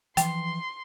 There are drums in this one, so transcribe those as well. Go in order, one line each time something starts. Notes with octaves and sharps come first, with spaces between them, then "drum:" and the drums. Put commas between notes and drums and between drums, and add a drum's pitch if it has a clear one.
E3 F3 G5 C6, drum: hi-hat